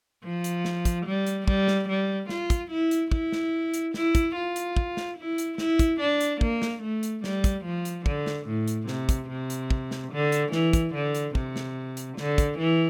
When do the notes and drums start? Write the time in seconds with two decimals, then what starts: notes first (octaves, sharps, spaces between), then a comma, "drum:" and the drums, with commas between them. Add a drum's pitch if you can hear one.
0.24 F3
0.44 drum: hi-hat
0.65 drum: snare
0.85 drum: kick, hi-hat
1.06 G3
1.27 drum: hi-hat
1.48 G3, drum: kick
1.68 drum: snare
1.89 G3
2.29 F4, drum: snare
2.50 drum: kick, hi-hat
2.71 E4
2.91 drum: hi-hat
3.12 E4, drum: kick
3.32 drum: snare
3.74 drum: hi-hat
3.94 E4, drum: snare
4.15 drum: kick, hi-hat
4.36 F4
4.56 drum: hi-hat
4.76 drum: kick
4.97 drum: snare
5.17 E4
5.38 drum: hi-hat
5.58 E4, drum: snare
5.79 drum: kick, hi-hat
6.00 D4
6.21 drum: hi-hat
6.41 A#3, drum: kick
6.62 drum: snare
6.82 A3
7.03 drum: hi-hat
7.24 G3, drum: snare
7.44 drum: kick, hi-hat
7.65 F3
7.85 drum: hi-hat
8.06 D3, drum: kick
8.26 drum: snare
8.46 A2
8.68 drum: hi-hat
8.88 C3, drum: snare
9.09 drum: kick, hi-hat
9.29 C3
9.50 drum: hi-hat
9.70 drum: kick
9.91 drum: snare
10.12 D3
10.32 drum: hi-hat
10.52 E3, drum: snare
10.73 drum: kick, hi-hat
10.94 D3
11.15 drum: hi-hat
11.35 C3, drum: kick
11.56 drum: snare
11.97 drum: hi-hat
12.17 D3, drum: snare
12.38 drum: kick, hi-hat
12.58 E3